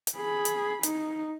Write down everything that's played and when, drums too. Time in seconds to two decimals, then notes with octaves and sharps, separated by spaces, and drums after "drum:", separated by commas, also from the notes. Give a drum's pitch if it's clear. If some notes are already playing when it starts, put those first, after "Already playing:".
0.07 drum: hi-hat
0.17 G#4 B5
0.45 drum: hi-hat
0.83 D#4, drum: hi-hat